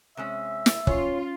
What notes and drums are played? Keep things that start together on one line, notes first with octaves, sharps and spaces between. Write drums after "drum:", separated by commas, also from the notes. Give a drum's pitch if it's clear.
C3 G#3 C#4 E5
drum: snare
C#4 F4 C#5, drum: kick